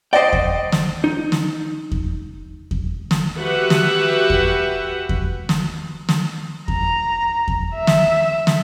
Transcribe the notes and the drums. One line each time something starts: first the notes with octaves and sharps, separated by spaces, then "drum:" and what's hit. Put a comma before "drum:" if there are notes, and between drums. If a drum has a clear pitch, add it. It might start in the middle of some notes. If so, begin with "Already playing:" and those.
C5 D5 D#5 F#5 G5
drum: kick E2
drum: snare
D#4
drum: snare
drum: kick E2
drum: kick E2
drum: snare
F#4 G4 B4 E5 F#5
drum: snare
drum: kick E2
drum: kick E2
drum: snare
drum: snare
A#5, drum: kick E2
drum: kick E2
E5
drum: snare
drum: snare